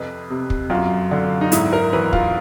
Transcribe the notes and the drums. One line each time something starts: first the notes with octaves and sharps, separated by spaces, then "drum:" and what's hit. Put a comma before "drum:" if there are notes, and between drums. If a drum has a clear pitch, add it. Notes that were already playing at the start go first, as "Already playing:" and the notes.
Already playing: F2 C3 B4
C3
drum: kick
F#2 F4
D3
D#4
G#2 E4, drum: hi-hat
A#4
E3 B4
F4, drum: kick